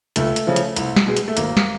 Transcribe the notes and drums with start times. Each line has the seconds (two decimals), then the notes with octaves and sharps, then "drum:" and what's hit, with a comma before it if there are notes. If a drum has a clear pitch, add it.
0.16 C#2 A3, drum: hi-hat
0.36 drum: hi-hat
0.47 C#3 F3
0.56 drum: hi-hat
0.76 C2, drum: hi-hat
0.96 drum: snare
1.06 B2 G#3
1.17 drum: hi-hat
1.28 A3
1.37 G#1 A#3, drum: hi-hat
1.57 drum: snare